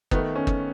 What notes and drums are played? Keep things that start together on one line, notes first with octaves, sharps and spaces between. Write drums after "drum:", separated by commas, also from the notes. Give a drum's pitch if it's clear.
D#3 A3 B3, drum: kick
C#4
drum: kick